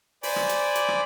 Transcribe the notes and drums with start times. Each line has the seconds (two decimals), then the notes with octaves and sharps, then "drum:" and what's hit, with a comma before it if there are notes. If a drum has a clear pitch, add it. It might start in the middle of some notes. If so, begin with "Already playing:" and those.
0.23 C5 D5 G#5 B5 D6, drum: open hi-hat
0.36 drum: rim click
0.49 drum: hi-hat
0.75 drum: hi-hat
0.88 drum: rim click